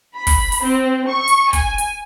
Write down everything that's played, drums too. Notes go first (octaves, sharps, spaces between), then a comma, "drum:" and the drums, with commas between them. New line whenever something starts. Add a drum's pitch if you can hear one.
B5
drum: kick, open hi-hat
drum: open hi-hat
C4
C#6
drum: hi-hat
G#5, drum: kick, hi-hat
drum: hi-hat